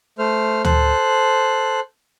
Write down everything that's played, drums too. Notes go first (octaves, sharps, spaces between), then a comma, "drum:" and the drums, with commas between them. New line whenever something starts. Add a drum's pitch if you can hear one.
A3 C5 F6
A4 C5 F#6, drum: tom D2